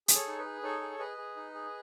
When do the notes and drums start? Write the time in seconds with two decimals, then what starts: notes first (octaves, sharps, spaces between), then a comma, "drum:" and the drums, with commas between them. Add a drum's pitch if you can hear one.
0.08 G#4, drum: hi-hat
0.14 A4 C#5
0.27 D#4
0.39 B4
0.45 G#4
0.63 D#4 A4 C#5
0.81 G#4
0.99 G#4 B4 D#5
1.18 G#4
1.36 D#4
1.55 G#4